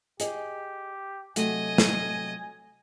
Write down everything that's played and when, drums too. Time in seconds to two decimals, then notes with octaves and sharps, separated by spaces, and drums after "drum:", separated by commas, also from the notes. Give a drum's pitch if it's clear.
0.20 G4 G#4 D#5, drum: hi-hat
1.36 C3 F#3 A3 D#5 G#5, drum: hi-hat
1.78 drum: snare